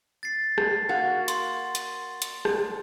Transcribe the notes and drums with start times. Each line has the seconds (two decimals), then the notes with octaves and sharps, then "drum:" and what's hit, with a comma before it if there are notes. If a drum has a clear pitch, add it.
0.23 A6 C7
0.58 drum: rim click
0.89 A#3 F#4
1.28 C6, drum: hi-hat
1.75 drum: hi-hat
2.22 drum: hi-hat
2.45 drum: rim click